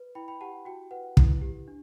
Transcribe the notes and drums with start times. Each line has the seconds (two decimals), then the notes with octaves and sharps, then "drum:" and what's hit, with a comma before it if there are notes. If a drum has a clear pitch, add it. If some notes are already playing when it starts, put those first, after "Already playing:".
Already playing: B4
0.15 E4 G5 B5
0.28 G5 B5
0.41 G4 F#5 A5
0.65 F#4 G5
0.91 B4 F#5
1.17 E4, drum: kick
1.42 G4
1.68 D4